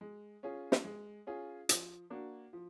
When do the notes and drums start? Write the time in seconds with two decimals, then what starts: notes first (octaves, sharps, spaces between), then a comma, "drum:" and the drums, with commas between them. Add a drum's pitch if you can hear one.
0.01 G#3
0.43 C#4 F4 G#4
0.72 drum: snare
0.84 G#3
1.27 C#4 F4 G#4
1.69 F3, drum: hi-hat
2.10 A#3 D4 F#4
2.53 F3